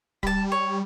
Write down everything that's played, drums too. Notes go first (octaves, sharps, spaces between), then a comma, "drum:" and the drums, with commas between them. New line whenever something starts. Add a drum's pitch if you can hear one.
G3 A5 B5, drum: kick
C#5